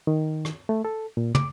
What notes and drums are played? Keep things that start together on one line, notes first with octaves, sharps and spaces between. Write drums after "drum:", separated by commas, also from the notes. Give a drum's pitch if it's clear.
D#3
drum: rim click
A3
A4
A#2
D6, drum: tom